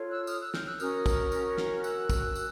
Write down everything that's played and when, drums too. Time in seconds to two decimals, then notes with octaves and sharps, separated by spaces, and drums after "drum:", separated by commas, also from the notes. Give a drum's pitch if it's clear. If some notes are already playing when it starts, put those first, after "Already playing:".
Already playing: F4 A4 C#5
0.10 E6 F#6
0.27 D#6 F6, drum: tambourine
0.40 E6 F#6
0.54 F6 G6, drum: snare
0.67 E6 F#6
0.80 C#4 F#4 A#4 D#6 F6, drum: tambourine
1.06 drum: kick, tambourine
1.32 drum: tambourine
1.58 drum: snare
1.77 F6
1.84 E6 F#6, drum: tambourine
2.10 drum: kick, tambourine
2.35 drum: tambourine